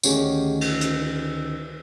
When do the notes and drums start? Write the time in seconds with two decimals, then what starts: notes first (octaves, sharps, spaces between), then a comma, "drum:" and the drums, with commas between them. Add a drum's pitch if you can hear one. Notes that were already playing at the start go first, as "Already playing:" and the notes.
0.03 D2 D#3 C#4 G4 G#4, drum: tambourine
0.61 drum: cymbal
0.81 drum: hi-hat